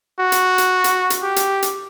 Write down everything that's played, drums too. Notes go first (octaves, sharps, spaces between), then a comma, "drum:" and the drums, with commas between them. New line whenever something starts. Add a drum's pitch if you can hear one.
F#4
drum: hi-hat
drum: hi-hat
drum: hi-hat
drum: hi-hat
G4
drum: hi-hat
drum: hi-hat